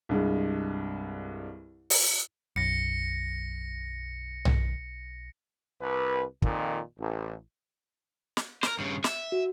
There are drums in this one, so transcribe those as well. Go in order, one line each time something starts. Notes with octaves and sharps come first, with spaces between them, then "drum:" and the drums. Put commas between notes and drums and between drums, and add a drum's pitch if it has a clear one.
C2 G2 G#3
drum: open hi-hat
B1 F#2 A#6 C#7
drum: tom B1
C2 B4
F2 A#2 D#3, drum: kick
A1
drum: snare
A#4 C5, drum: snare
G2 C#3
E5, drum: snare
F#4